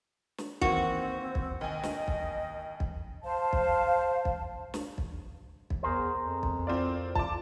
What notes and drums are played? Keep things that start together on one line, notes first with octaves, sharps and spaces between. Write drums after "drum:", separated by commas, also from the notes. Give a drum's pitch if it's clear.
drum: snare
D#3 E3 A#3 C4 F#4, drum: kick
drum: kick
D#2 D#5 G#5
drum: snare
drum: kick
drum: kick
C5 F5 A5
drum: kick
drum: kick
drum: snare
drum: kick
drum: kick
E2 G#4 A#4 C5
F2
drum: kick
C4 F4 D5
F4 A5 D6, drum: kick